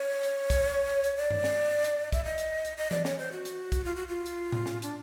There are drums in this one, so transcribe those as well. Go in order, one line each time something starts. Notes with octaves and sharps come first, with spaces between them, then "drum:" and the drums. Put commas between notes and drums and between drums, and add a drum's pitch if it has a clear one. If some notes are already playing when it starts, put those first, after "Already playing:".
Already playing: C#5
drum: hi-hat
drum: kick, hi-hat
drum: hi-hat
D5
drum: tom G2
drum: snare
drum: hi-hat
E5, drum: kick, hi-hat
D#5
drum: hi-hat
drum: hi-hat
D#5
D5, drum: tom E3
C#5, drum: snare
C5
F#4
drum: hi-hat
drum: kick, hi-hat
F4
F#4
F4
drum: hi-hat
drum: tom A2
drum: snare
D4, drum: hi-hat